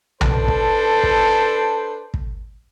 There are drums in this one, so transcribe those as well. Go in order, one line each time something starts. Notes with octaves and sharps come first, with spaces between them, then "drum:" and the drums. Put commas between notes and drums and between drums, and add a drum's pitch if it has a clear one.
D4 A4 B4 C5, drum: tom B1
drum: kick
drum: kick
drum: kick